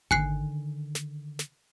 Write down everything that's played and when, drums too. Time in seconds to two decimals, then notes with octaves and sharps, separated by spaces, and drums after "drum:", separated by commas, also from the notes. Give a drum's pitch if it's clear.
0.11 D3 D#3 G#5 F#6 C7, drum: kick G#1
0.95 drum: snare
1.39 drum: snare